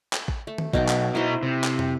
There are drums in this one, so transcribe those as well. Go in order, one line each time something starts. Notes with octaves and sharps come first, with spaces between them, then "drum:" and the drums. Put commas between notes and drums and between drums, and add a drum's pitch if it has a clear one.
drum: clap
drum: kick A1
A3
drum: tom D#3
B1 B2 D#4 G5, drum: kick A1
drum: clap
B2 D#4 E4 C5
C3
drum: clap
drum: tom